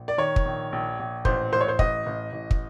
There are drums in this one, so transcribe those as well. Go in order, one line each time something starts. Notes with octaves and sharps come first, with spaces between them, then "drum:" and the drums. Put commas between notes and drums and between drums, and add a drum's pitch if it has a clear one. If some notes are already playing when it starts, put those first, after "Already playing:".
Already playing: A#1
D5
D#3 C#5
drum: kick
A#1
A#1
A#1
A1 C5, drum: kick
A1 C5
C#5
C5
A1 D#5, drum: kick
A1
A1
drum: kick